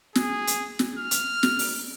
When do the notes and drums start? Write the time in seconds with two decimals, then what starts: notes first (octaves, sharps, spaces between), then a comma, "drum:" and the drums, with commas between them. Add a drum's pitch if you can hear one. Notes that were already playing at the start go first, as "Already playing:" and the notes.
0.15 G#4, drum: snare
0.47 drum: hi-hat
0.79 drum: snare
0.99 F6
1.11 drum: hi-hat
1.43 drum: snare
1.59 drum: open hi-hat